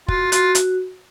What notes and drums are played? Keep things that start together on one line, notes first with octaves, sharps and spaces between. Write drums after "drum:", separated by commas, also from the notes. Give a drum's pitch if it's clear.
F4 F#4, drum: kick
F4 F#4, drum: hi-hat
drum: hi-hat